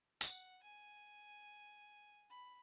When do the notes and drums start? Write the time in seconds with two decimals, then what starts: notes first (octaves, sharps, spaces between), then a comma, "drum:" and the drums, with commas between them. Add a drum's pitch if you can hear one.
0.21 F#5, drum: open hi-hat
0.63 G#5
2.30 B5